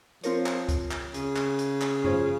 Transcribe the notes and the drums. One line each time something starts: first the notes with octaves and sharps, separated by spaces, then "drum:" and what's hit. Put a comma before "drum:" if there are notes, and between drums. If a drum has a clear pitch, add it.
F3 C4 F4 A#4 C#5, drum: hi-hat
drum: clap
drum: kick C#2, hi-hat
drum: clap
C#3, drum: hi-hat
drum: clap
drum: hi-hat
drum: clap
C#4 F4 G#4 C5, drum: tom F#2